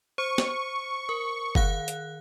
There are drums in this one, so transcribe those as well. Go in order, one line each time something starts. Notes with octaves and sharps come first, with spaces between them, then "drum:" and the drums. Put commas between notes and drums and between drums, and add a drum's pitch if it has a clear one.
C5 C#6
drum: snare
A#4
D#3 F5 F#6, drum: kick F#1
drum: hi-hat